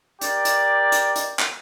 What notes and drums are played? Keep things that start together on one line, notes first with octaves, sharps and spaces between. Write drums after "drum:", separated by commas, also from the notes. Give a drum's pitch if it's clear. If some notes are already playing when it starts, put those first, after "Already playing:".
G4 A#4 D5, drum: hi-hat
drum: hi-hat
drum: hi-hat
drum: hi-hat
drum: clap